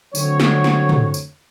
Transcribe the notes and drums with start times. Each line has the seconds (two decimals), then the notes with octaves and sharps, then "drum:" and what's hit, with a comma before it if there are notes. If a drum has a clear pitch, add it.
0.15 D3 F#3 A3 C4 C#5, drum: tambourine
0.40 drum: snare
0.64 drum: snare
0.89 drum: tom
1.14 drum: tambourine